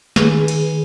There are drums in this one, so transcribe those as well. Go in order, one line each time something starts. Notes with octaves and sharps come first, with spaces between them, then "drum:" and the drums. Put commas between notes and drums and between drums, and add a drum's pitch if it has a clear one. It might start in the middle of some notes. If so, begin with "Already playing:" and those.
D#3 G#4 B4, drum: snare
drum: cymbal